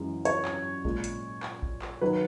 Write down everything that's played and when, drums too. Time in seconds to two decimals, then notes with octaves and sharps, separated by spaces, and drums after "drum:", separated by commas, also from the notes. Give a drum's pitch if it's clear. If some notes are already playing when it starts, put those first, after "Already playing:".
Already playing: F#2 E3 G#3
0.25 C#5, drum: hi-hat
0.45 drum: clap
0.85 A#2 G#3, drum: kick A1
1.04 drum: hi-hat
1.43 drum: clap
1.62 drum: kick A1
1.82 drum: clap
2.01 D#3 F#3 B4